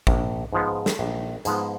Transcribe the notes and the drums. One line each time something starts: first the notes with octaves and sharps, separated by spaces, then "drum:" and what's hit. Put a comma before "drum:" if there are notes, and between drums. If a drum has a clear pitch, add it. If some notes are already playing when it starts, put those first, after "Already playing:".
A#1, drum: kick
G#2 F3 G#3 B3
drum: snare
A#1
G#2 F3 G#3 B3, drum: hi-hat